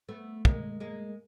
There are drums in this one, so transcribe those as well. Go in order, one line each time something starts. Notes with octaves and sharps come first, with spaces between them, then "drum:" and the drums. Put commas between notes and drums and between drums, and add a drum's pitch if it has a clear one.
A3 B3
G#3 A#3, drum: kick
G#3 A#3